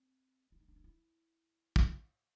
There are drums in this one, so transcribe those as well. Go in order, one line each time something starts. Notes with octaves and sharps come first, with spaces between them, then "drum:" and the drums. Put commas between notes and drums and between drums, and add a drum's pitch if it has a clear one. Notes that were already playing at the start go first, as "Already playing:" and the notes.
Already playing: C4
E4
D#4
D4
D#4
E4
drum: kick